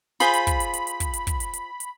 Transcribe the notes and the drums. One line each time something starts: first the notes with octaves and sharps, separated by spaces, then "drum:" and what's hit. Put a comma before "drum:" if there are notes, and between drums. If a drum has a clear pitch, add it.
F4 G#4 C5 B5, drum: hi-hat
drum: hi-hat
drum: kick, hi-hat
drum: hi-hat
drum: hi-hat
drum: hi-hat
drum: kick, hi-hat
drum: hi-hat
drum: kick, hi-hat
drum: hi-hat
drum: hi-hat
drum: hi-hat